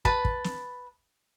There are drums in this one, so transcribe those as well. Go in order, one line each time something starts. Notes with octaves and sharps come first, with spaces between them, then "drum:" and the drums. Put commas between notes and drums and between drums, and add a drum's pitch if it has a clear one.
B4 A5 B5, drum: kick
drum: kick
drum: snare